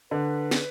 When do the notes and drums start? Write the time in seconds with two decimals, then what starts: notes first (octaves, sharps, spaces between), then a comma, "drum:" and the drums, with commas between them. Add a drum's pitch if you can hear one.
0.11 D3 B4
0.51 drum: snare